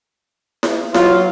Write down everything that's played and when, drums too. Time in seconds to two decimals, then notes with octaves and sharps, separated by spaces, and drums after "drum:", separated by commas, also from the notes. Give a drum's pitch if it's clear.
0.63 drum: snare E4
0.94 F#3 F4, drum: snare E4